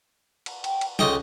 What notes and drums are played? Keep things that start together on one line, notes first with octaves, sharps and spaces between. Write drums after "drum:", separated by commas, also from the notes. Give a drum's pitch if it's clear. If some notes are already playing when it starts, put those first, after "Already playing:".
drum: cymbal
G5, drum: cymbal
drum: cymbal
C#2 A4 D#5 G5, drum: snare